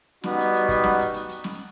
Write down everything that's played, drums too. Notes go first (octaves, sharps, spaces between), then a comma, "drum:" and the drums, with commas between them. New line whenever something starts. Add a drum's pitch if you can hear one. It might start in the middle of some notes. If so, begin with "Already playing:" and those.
G3 B3 D#4 F#4, drum: snare
drum: hi-hat
drum: hi-hat
drum: kick, hi-hat
drum: snare
drum: hi-hat
drum: hi-hat
drum: hi-hat
drum: snare